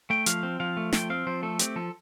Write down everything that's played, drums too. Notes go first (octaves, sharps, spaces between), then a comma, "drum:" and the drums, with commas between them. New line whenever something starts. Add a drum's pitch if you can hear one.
A3 G5
F3 F5, drum: hi-hat
C4
F3 F5
A3
F3 G5, drum: snare
C4 F5
F3 C5
A3 A4
C4 G4, drum: hi-hat
F3 A4